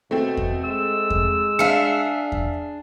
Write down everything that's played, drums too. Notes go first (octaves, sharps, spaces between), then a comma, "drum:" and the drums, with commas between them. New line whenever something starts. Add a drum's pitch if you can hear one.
B2 A3 C4
drum: kick E2
G#3 E6
drum: kick E2
D4 G#4 E5 F5 C#7
drum: kick E2